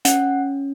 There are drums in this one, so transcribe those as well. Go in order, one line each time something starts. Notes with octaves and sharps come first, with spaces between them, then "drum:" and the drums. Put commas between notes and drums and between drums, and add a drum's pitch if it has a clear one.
C#4 F#5, drum: hi-hat